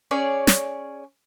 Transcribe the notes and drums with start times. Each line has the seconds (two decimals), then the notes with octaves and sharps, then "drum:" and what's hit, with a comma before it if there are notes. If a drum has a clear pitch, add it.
0.11 C#4 G#4 C#5 D5
0.47 drum: snare